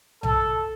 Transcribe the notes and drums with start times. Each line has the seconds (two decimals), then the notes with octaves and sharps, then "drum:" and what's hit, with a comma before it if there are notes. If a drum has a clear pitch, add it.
0.23 A4, drum: tom B1